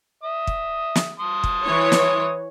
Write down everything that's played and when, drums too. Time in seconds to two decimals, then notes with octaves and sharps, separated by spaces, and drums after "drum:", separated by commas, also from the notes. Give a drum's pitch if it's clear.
0.23 E5 D#6
0.47 drum: kick
0.95 drum: snare
1.20 A5 C6 D#6
1.44 drum: kick
1.65 E3 C#5
1.92 drum: snare